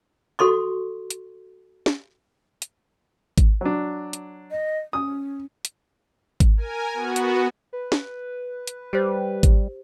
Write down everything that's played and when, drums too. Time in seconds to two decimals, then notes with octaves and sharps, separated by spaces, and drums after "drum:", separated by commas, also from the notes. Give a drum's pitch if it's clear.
0.39 F#4 A4 C6 C#6
1.10 drum: hi-hat
1.86 drum: snare
2.62 drum: hi-hat
3.38 drum: kick G#1, hi-hat
3.61 F#3 D4
4.13 drum: hi-hat
4.51 D#5
4.93 C#4 D#6
5.65 drum: hi-hat
6.40 drum: kick G#1, hi-hat
6.57 A#4 G#5
6.94 B3 F#4
7.16 drum: hi-hat
7.73 B4
7.92 drum: snare
8.67 drum: hi-hat
8.93 G3 G4 C5
9.43 drum: kick G#1, hi-hat